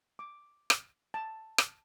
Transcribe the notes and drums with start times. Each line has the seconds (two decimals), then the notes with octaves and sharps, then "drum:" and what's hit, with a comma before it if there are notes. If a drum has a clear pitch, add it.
0.19 D6
0.70 drum: rim click
1.14 A5
1.58 drum: rim click